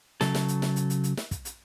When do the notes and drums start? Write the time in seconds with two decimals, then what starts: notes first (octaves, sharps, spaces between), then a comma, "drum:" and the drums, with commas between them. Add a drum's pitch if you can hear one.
0.21 C#3 F#3 A4, drum: snare
0.35 drum: snare
0.48 drum: hi-hat
0.62 drum: snare
0.76 drum: hi-hat
0.90 drum: hi-hat
1.04 drum: hi-hat
1.17 drum: snare
1.31 drum: kick, hi-hat
1.45 drum: hi-hat